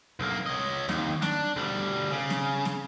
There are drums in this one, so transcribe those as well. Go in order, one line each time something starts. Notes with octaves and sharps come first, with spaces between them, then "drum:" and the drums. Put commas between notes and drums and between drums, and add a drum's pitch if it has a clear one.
B1 A#3
C#5 D#5
D#2, drum: snare
D4, drum: snare
D2 G3
C#3
drum: snare
drum: snare